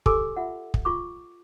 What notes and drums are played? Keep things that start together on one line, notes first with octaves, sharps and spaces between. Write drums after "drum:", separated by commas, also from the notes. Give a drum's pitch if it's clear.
G4 A4 G#5 C6 D6 E6, drum: kick
F4 E5 F#5
drum: kick
F4 C#6 D6